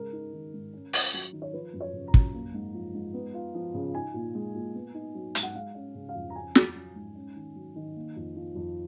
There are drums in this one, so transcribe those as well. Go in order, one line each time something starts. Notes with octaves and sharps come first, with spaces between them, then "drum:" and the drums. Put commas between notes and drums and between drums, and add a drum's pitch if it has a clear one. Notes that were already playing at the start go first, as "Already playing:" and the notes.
Already playing: C#3 G#3 A#4
D#4
D#3
G#2
C#4
F4, drum: open hi-hat
F#3
D#3
C#5
F3 B4
F#2
C#5
C#3
A#5
F#2, drum: kick
A#3
G#2
F3
G#2
B3
F4
F3
C#3
D#4 G#5
A#2
G#3
A#2
B3
D#4
F#3
G#2, drum: hi-hat
F#5
G#3 F5
C#4
C#3
F5
F2
A#5
C#4 G#5
F4, drum: snare
F#3
G#2
C#4
D#3
F#3
D#3
A#3
F2
F3
F2